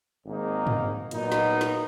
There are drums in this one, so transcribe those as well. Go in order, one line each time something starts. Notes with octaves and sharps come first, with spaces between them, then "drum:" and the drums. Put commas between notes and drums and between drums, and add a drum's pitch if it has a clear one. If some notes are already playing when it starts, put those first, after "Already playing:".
G#1 G#2 D#3 A#3 D#4
drum: tom G2
A#2 F#3 B3 D#4, drum: hi-hat
drum: snare
drum: snare